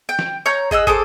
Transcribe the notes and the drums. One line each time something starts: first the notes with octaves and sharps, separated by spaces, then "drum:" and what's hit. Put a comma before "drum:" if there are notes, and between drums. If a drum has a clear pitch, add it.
G5
drum: snare
C#5 A#5 G6
G#4 D#5 F#5 E6, drum: kick
G#4 A4 C5 D6, drum: kick